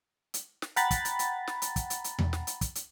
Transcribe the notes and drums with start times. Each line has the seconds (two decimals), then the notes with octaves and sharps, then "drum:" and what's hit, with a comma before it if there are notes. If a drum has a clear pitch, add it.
0.34 drum: hi-hat
0.62 drum: snare
0.76 F#5 G5 A#5 B5 A6, drum: hi-hat
0.91 drum: kick, hi-hat
1.05 drum: hi-hat
1.19 drum: hi-hat
1.47 drum: snare
1.62 drum: hi-hat
1.76 drum: kick, hi-hat
1.90 drum: hi-hat
2.04 drum: hi-hat
2.19 drum: tom E2
2.33 drum: snare
2.47 drum: hi-hat
2.61 drum: kick, hi-hat
2.75 drum: hi-hat